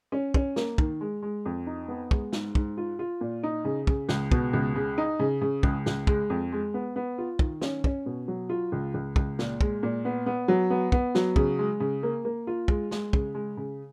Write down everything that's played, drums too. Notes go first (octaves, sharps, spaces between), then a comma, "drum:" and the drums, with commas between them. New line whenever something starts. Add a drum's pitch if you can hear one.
C#4
C#4, drum: kick
A#3, drum: snare
D#3, drum: kick
G#3
G#3
F2
D#4
B3
G#3, drum: kick
G#2, drum: snare
G#2, drum: kick
F4
F4
A#2
D#4
C#3
C#3, drum: kick
C#2, drum: snare
B2, drum: kick
C#2
C#3
D#4
C#3
C#3
C#2, drum: kick
C#2, drum: snare
G#3, drum: kick
F2
G#3
B3
B3
F4
D#3, drum: kick
C#4, drum: snare
C#4, drum: kick
B2
F#3
F4
C#2
C#2
C#2, drum: kick
A#2, drum: snare
G#3, drum: kick
A#2
B3
B3
F#3
B3
B3, drum: kick
F#3, drum: snare
C#3, drum: kick
G#3
C#3
A#3
A#3
F4
G#3, drum: kick
G#3, drum: snare
C#3, drum: kick
G#3
C#3